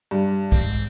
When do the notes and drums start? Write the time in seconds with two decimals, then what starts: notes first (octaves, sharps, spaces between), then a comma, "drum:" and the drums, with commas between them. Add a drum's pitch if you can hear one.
0.11 G2
0.52 G#2 C4, drum: kick